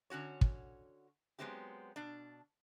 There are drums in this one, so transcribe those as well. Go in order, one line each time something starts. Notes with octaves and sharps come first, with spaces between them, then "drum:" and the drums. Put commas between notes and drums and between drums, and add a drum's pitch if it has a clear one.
D3 C#4 F#4 C#5
drum: kick
F#3 G#3 B3 C4 E4 G4
B2 D4